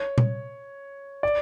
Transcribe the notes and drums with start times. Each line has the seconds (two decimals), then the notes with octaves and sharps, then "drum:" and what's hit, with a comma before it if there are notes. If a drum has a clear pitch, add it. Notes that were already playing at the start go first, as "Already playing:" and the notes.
Already playing: C#5
0.18 drum: tom A#2
1.23 D5